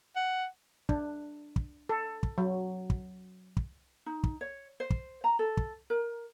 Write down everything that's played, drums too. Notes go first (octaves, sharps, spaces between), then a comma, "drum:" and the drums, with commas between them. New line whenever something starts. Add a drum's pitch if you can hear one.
F#5
D4, drum: kick
drum: kick
A4
drum: kick
F#3
drum: kick
drum: kick
D#4
drum: kick
C#5
C5
drum: kick
A#5
A4
drum: kick
A#4